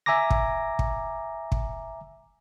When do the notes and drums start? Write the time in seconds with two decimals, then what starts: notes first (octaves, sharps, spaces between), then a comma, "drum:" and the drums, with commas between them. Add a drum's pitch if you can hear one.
0.06 E5 G#5 A#5 D6 A#6
0.30 drum: kick
0.79 drum: kick
1.52 drum: kick